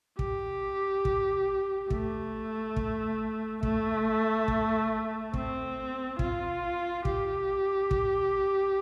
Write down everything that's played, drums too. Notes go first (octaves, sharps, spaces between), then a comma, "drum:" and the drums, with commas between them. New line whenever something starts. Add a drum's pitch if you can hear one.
G4, drum: kick
drum: kick
A3, drum: kick
drum: kick
A3, drum: kick
drum: kick
C4, drum: kick
F4, drum: kick
G4, drum: kick
drum: kick